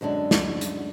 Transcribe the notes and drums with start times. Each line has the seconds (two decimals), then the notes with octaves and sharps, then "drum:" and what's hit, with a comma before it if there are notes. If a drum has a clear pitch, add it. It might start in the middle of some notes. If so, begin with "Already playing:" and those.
0.01 F#2 D3 G#3 D4
0.31 drum: snare
0.61 drum: hi-hat